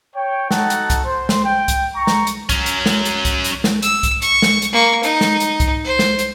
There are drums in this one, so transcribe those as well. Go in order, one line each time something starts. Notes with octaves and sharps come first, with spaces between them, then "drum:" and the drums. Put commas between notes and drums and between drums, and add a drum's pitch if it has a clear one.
C#5 G5
D#4 F#4 A4 F#5 A5, drum: snare
drum: hi-hat
drum: kick C2, hi-hat
C5
drum: snare
G5
drum: kick C2, hi-hat
A#5 C#6
drum: snare
drum: hi-hat
F#3 C#4, drum: kick C2, hi-hat
drum: hi-hat
drum: snare
drum: hi-hat
drum: kick C2, hi-hat
drum: hi-hat
drum: snare
E6, drum: hi-hat
drum: kick C2, hi-hat
C#6, drum: hi-hat
drum: snare
drum: hi-hat
A#3 C#6
D#4, drum: hi-hat
drum: snare
drum: hi-hat
drum: kick C2, hi-hat
C5
drum: snare
drum: hi-hat